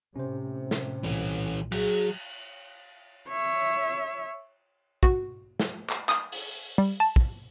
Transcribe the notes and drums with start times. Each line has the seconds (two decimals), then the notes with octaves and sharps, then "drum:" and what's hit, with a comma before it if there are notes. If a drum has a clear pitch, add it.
0.16 A2 C3 C#4 C5
0.71 drum: snare
1.03 C2 A#2 E3 C#4
1.72 F#3 G#4, drum: cymbal
3.29 C#5 E5
5.03 F#4, drum: kick
5.60 drum: snare
5.89 drum: clap
6.09 D#6, drum: clap
6.32 drum: open hi-hat
6.78 G3
7.00 A5
7.16 drum: kick